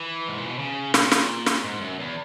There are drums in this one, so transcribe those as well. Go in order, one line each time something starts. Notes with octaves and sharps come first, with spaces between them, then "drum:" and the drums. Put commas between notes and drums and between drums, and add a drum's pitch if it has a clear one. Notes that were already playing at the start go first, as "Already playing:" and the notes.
Already playing: E3
G#2
A#2
B2
C#3
A#2, drum: snare
drum: snare
drum: snare
G#2
F#2
E2